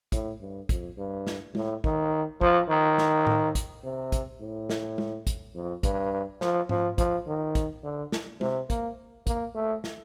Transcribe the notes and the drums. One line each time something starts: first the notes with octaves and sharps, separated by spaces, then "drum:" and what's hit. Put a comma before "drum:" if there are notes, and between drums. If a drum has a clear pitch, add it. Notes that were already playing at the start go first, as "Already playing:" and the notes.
A2, drum: kick G#1, hi-hat
G2
F2, drum: kick G#1, hi-hat
G2
drum: snare
A2, drum: tom G#3
D#3, drum: kick G#1
F3, drum: kick G#1
D#3
drum: snare
drum: tom A2
drum: kick G#1, hi-hat
C3
drum: kick G#1, hi-hat
A2
drum: snare
drum: tom G#3
drum: kick G#1, hi-hat
F2
G2, drum: kick G#1, hi-hat
F3, drum: snare
F3, drum: tom G#2
F3, drum: kick G#1, hi-hat
D#3
drum: kick G#1, hi-hat
D3
drum: snare
C3, drum: tom G#3
A#3, drum: kick G#1, hi-hat
A#3, drum: kick G#1, hi-hat
A3
drum: snare